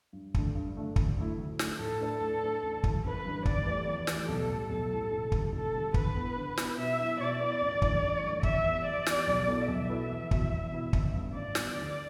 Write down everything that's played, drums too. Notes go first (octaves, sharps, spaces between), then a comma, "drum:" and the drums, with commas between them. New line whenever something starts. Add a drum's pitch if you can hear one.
G2
D3 A3 D4, drum: kick
G2
D3 A3 D4
D2, drum: kick
D3 A3 E4
D2
D3 A3 E4, drum: snare
A2 A4
A3 D4 B4 D5
A2
A3 D4 B4 D5
A1
G2 E3 G3 D4, drum: kick
A1 B4
G2 E3 G3 D4
E2 D5, drum: kick
E3 A3 G4 B4
E2 D5
E3 A3 G4 B4, drum: snare
B1 A4
A2 G3
B1 A4
A2 G3
E1
D2 D3 G3, drum: kick
E1 A4
D2 D3 G3
D3 B4, drum: kick
B3 E4
D3
B3 E4, drum: snare
B2 E5
B3 E4
B2 D5
B3 E4
A1
G2 E3 A3, drum: kick
A1
G2 E3 A3
E2 E5, drum: kick
E3 B3 G4
E2 D5
E3 B3 G4, drum: snare
B1
B2 B3 E4 A4
B1 E5
B2 B3 E4 A4
E2
B2 B3 E4, drum: kick
E2
B2 B3 E4
A1, drum: kick
G2 D3 B3
A1 D5
G2 D3 B3, drum: snare
D2